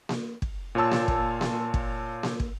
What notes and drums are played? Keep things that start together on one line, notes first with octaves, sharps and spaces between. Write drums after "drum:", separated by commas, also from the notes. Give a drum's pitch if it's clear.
drum: snare A#3
drum: kick
A#2 F4 C#5 A5 E6
drum: snare A#3
drum: kick
drum: snare A#3
drum: kick
drum: snare A#3
drum: kick